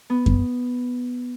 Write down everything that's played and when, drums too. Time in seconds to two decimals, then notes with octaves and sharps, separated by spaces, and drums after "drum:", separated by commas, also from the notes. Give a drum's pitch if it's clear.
0.10 B3
0.26 drum: kick F#2